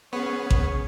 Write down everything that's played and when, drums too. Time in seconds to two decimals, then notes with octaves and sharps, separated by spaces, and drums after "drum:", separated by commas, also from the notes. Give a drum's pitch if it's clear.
0.13 B3 C#4 G#4 C#5
0.50 drum: kick A1